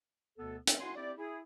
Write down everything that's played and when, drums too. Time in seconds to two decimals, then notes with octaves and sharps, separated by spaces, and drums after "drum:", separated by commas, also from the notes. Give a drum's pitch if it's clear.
0.37 D2 B2 B3 A4
0.67 C4 C#4, drum: hi-hat
0.80 E4 F#4 G#5 C6
0.95 C4 E4 G4 D5
1.17 E4 G#4